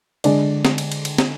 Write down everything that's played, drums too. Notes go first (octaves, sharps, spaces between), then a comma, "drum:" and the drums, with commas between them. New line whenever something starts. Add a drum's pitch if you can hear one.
D3 G#3 D4 G#4 D5, drum: cymbal
drum: snare
drum: cymbal
drum: cymbal
drum: cymbal
drum: snare